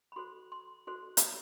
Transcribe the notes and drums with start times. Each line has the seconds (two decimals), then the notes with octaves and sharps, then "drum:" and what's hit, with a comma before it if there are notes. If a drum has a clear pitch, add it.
0.12 B5
0.16 F#4 A4 C5 C6
0.52 C6
0.87 F#4 A4 C5 C6
1.17 drum: hi-hat